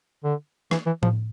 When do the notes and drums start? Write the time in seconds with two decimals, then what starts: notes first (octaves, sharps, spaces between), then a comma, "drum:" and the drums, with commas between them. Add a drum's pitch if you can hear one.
0.24 D3
0.71 E3, drum: rim click
0.86 E3
1.03 F3, drum: tom A2